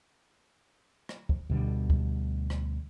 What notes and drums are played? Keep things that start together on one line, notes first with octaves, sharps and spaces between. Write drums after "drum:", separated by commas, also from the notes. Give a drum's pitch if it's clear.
drum: rim click
drum: kick
D2 B2 D3 G3
drum: kick
drum: rim click